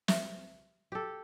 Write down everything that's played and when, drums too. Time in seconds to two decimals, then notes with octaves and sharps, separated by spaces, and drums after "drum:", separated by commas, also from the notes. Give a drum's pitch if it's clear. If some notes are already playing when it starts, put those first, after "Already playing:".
0.08 E5, drum: snare
0.92 G4 A4